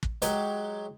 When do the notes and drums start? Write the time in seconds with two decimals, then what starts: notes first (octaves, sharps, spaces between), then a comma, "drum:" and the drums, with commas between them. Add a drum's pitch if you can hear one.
0.03 drum: kick
0.22 F#3 G#3 G4, drum: hi-hat